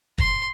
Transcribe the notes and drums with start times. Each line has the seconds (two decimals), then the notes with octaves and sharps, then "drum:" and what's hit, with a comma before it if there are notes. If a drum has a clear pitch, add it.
0.18 C6, drum: kick